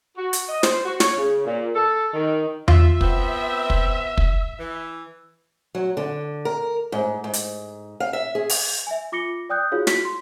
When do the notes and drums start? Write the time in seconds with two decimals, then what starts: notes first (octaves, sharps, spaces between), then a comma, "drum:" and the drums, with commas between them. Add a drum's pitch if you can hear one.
0.15 F#4
0.33 drum: hi-hat
0.49 D#5
0.63 C5, drum: snare
0.85 F#4
1.00 C#5, drum: snare
1.16 C#3
1.46 A#2
1.74 A4
2.13 D#3
2.68 F4 E5, drum: tom E2
3.01 B3 C4, drum: kick
3.70 drum: kick
4.17 drum: kick
4.59 E3
5.75 F#3
5.97 D3
6.45 A#4
6.92 G#2
7.24 G#2
7.33 drum: hi-hat
8.00 F5
8.13 E5
8.35 G#4
8.49 drum: open hi-hat
8.87 E5 G#5
9.12 F4 D6 A#6 C#7 G7
9.49 D5 G5 D#6 F#6 G6
9.72 D#4 F4 F#4 G#4 C#5 F5
9.87 E4 F#4 B6, drum: snare
10.05 C6